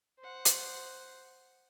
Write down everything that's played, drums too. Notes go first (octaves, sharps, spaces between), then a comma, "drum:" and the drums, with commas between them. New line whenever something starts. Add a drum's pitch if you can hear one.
C5 F#5
drum: hi-hat